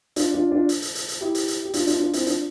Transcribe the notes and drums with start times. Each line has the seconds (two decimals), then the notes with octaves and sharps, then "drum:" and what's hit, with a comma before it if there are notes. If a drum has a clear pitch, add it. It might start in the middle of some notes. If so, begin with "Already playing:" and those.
0.16 D4 F4, drum: hi-hat
0.34 D4 F4
0.51 D4 F4
0.69 drum: hi-hat
0.82 drum: hi-hat
0.95 drum: hi-hat
1.08 drum: hi-hat
1.21 E4 G4
1.35 drum: hi-hat
1.48 drum: hi-hat
1.65 G4
1.74 D4 F4, drum: hi-hat
1.87 D4 F4, drum: hi-hat
2.00 D4 F4
2.13 C4 E4, drum: hi-hat
2.26 D4 F4, drum: hi-hat